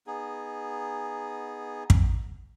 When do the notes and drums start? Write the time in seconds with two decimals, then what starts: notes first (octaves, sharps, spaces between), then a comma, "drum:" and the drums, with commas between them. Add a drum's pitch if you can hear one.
0.07 B3 D#4 G#4
1.90 drum: kick